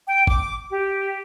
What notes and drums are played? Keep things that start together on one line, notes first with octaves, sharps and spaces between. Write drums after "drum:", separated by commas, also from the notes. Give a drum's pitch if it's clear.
G5
D6, drum: kick
G4